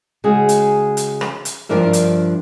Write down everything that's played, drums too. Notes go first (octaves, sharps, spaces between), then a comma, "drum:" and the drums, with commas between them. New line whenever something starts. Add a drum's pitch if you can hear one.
C#3 G#3 F#4 G#4
drum: hi-hat
drum: hi-hat
drum: rim click
drum: hi-hat
G2 F3 D4 A#4 E5
drum: hi-hat